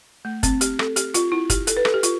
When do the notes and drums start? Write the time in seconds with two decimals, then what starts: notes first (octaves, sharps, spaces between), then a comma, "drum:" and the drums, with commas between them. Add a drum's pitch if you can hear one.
0.25 A3
0.43 C4, drum: kick, hi-hat
0.61 G4, drum: hi-hat
0.79 A4, drum: rim click
0.96 G4, drum: hi-hat
1.14 F4, drum: hi-hat
1.32 E4
1.50 G4, drum: kick, hi-hat
1.67 A4, drum: hi-hat
1.77 B4
1.85 A4, drum: rim click
1.94 G4
2.03 F4, drum: hi-hat